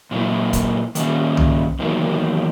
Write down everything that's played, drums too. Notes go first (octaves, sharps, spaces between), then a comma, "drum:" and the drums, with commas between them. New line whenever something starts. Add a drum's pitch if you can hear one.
A#2 F#3 A#3 E4
drum: kick, hi-hat
D#3 A#3 C#4, drum: hi-hat
drum: tom C2
E2 D#3 F#3 A#3